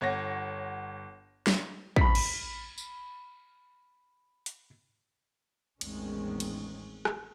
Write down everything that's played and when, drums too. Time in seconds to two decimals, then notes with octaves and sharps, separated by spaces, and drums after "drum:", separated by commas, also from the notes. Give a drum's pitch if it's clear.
0.01 G1 C#5 F#5 A#6
1.47 drum: snare
1.96 B5 B6, drum: kick
2.15 drum: cymbal
2.78 drum: tambourine
4.46 drum: hi-hat
5.81 A1 E2 D#3 G#3 C4 C#4, drum: cymbal
6.40 drum: cymbal
7.05 drum: rim click